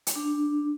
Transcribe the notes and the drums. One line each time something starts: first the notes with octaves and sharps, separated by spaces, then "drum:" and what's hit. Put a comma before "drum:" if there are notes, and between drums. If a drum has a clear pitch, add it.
drum: hi-hat
D4